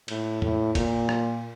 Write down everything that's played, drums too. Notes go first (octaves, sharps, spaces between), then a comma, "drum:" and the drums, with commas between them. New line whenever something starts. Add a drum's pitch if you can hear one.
A2, drum: cymbal
A2, drum: tom E2
A#2, drum: kick G1, cymbal
drum: rim click